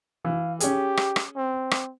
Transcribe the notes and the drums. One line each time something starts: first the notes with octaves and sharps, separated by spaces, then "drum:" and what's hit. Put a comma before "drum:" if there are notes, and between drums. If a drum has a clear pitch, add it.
E3 F5
C#4 G4 G#4, drum: hi-hat
drum: rim click
drum: rim click
C4
drum: rim click